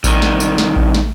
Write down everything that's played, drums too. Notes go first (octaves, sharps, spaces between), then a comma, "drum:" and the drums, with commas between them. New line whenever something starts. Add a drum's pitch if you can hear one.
C2 D#3, drum: kick A1, tambourine
drum: snare
drum: tambourine
drum: snare
drum: kick A1
drum: snare